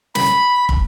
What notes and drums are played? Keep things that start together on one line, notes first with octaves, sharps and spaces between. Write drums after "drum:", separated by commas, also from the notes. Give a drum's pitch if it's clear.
B5, drum: snare
drum: kick